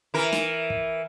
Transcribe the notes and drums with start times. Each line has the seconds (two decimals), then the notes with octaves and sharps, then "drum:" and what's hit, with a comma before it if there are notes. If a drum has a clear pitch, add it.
0.14 E3 A#4
0.33 drum: snare
0.70 drum: kick